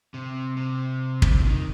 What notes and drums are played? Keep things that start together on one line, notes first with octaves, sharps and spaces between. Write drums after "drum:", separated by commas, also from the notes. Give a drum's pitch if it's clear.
C3
C3
drum: kick
F3
D#3